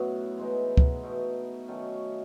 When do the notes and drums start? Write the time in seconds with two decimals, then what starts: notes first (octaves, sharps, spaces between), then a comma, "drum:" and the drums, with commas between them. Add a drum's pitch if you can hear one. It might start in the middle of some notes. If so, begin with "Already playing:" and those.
Already playing: F#2 A2 F#3 B3 D#4
0.37 E3 G#3 D#4
0.77 drum: kick C#2
1.03 B2 A3 D#4
1.68 D#3 F#3 A3 C#4